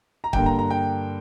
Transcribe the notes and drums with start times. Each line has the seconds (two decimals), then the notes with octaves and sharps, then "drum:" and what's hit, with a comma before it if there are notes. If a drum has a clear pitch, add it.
0.24 A#5
0.33 G2 D3 A#3 G5, drum: kick
0.46 A#5
0.59 A#5
0.70 G5